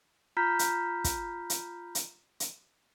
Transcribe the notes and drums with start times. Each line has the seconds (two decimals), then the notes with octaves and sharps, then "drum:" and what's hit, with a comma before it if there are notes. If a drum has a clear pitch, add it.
0.37 F4 A#5 B5 F6 G6 B6
0.59 drum: hi-hat
1.04 drum: kick, hi-hat
1.50 drum: hi-hat
1.95 drum: hi-hat
2.40 drum: hi-hat